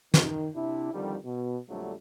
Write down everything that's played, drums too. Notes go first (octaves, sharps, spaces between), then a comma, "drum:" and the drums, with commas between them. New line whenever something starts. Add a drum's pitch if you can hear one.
D#3, drum: snare
C3 D4 E4
F2 D3 D#3 G3
B2
A#1 F2 D3 F#3 G3 A3